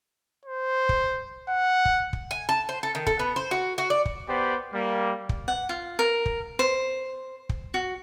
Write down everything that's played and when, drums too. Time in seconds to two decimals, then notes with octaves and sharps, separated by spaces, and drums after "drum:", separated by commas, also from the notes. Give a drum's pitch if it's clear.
0.45 C5
0.89 drum: kick
1.49 F#5
1.85 drum: kick
2.13 drum: kick
2.31 G#5
2.49 A5
2.69 C5
2.83 A4
2.95 D#3
3.07 A4, drum: kick
3.19 B3
3.36 C5
3.51 F#4
3.78 F#4
3.90 D5
4.05 drum: kick
4.27 B3 G4 C5 D5
4.73 G3 A#3
5.29 drum: kick
5.48 F#5
5.69 F4
5.99 A#4
6.26 drum: kick
6.59 C5
7.49 drum: kick
7.74 F#4